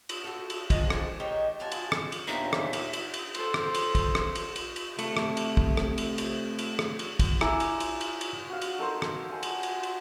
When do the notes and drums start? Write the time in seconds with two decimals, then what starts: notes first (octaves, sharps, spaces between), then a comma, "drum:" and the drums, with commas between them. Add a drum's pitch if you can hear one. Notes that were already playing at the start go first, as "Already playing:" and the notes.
0.09 drum: cymbal
0.24 F#4 A4
0.50 drum: cymbal
0.70 F3 G#3 C4 D4 F4 D#5, drum: kick, cymbal
0.90 drum: rim click
1.20 D#3 G#3 D#4 G4 A#4 C#5
1.59 G2 F4 F#4 G#5 A5
1.72 drum: cymbal
1.92 drum: rim click
2.12 drum: cymbal
2.27 D#2 A#2 A#3 B3 D4 D#4 E5
2.53 drum: rim click
2.73 drum: cymbal
2.93 drum: cymbal
3.14 drum: cymbal
3.35 A4 C5, drum: cymbal
3.54 drum: rim click
3.75 drum: cymbal
3.95 drum: kick, cymbal
4.15 drum: rim click
4.35 drum: cymbal
4.56 drum: cymbal
4.76 drum: cymbal
4.99 C3 A3, drum: cymbal
5.17 drum: rim click
5.37 drum: cymbal
5.57 drum: kick
5.77 drum: rim click
5.98 drum: cymbal
6.18 drum: cymbal
6.59 drum: cymbal
6.79 drum: rim click
6.99 drum: cymbal
7.19 drum: kick, cymbal
7.41 E4 G#5 A#5 D6 E6, drum: rim click
7.60 drum: cymbal
7.80 drum: cymbal
8.01 drum: cymbal
8.21 drum: cymbal
8.50 F#4 F5
8.62 drum: cymbal
8.79 D#4 A4 A#4 C5
9.02 drum: rim click
9.30 F#5 G#5 A5 C6
9.43 drum: cymbal
9.63 drum: cymbal
9.83 drum: cymbal